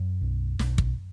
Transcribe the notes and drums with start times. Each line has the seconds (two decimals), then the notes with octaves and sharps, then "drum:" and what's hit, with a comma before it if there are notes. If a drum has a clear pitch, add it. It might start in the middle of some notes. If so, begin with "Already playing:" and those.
Already playing: F#2 F#3
0.21 B1
0.59 B1, drum: snare
0.78 drum: kick